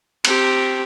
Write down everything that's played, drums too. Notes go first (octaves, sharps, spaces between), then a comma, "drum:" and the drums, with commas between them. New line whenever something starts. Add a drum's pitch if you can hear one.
C4 G4, drum: cymbal